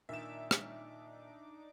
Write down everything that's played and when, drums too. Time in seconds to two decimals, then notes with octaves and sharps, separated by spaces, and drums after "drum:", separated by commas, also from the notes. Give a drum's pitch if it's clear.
0.09 A#2 D#3 D4 D#4 E5 D6 E7
0.51 drum: rim click